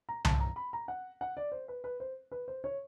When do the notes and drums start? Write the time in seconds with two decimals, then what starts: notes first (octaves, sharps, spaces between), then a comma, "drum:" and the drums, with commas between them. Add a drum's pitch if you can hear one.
0.09 A#5
0.25 A5, drum: tom C2
0.40 A#5
0.56 B5
0.73 A#5
0.88 F#5
1.21 F#5
1.37 D5
1.52 C5
1.68 B4
1.84 B4
2.00 C5
2.32 B4
2.48 C5
2.64 C#5